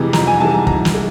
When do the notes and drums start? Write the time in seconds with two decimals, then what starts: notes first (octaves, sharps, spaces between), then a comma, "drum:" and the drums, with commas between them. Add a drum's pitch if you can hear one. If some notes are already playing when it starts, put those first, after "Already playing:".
Already playing: F2 C3 E3 G#3
0.13 F2 A#5, drum: snare
0.27 G#5
0.40 C3 E3 G#3 A5
0.54 A#5
0.67 F2 A#5, drum: kick
0.85 drum: snare
0.94 G#3